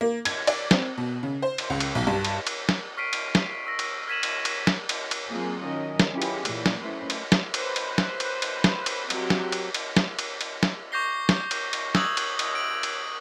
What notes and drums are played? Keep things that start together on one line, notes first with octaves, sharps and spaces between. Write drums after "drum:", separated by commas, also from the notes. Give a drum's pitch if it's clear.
A#3
G#6, drum: cymbal
D5, drum: cymbal
C4, drum: snare
B2
C#3
C5
drum: cymbal
C#2
drum: cymbal
B1
G2
drum: cymbal
drum: cymbal
drum: snare
C#6 F6 B6 C7 D7 D#7
drum: cymbal
drum: snare
C#6 E6 A#6
drum: cymbal
F6 G#6 B6 D#7 E7 F#7
drum: cymbal
drum: cymbal
drum: snare
drum: cymbal
drum: cymbal
F#3 A#3 C4 F4 G#4 A#4
D#3 F#3 C#4 A#4 D#5
drum: snare
C#4 E4 F4 G4 G#4 B4
drum: cymbal
A#2 E3 D5, drum: cymbal
drum: snare
F#3 A3 C#4 E4 B4 C5
drum: cymbal
drum: snare
B4 C5, drum: cymbal
drum: cymbal
drum: snare
drum: cymbal
drum: cymbal
drum: snare
drum: cymbal
F#3 C4 G4, drum: cymbal
drum: snare
drum: cymbal
drum: cymbal
drum: snare
drum: cymbal
drum: cymbal
drum: snare
C#6 D6 G6 A#6 C7 G7
drum: snare
drum: cymbal
drum: cymbal
D#6 E6 F#6 G#6 F7 F#7, drum: snare
drum: cymbal
drum: cymbal
D7 F#7
drum: cymbal